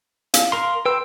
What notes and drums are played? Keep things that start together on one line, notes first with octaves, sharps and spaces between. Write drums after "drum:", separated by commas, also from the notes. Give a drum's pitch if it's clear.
F5, drum: hi-hat
A#4 C6
B4 G5 C6 E6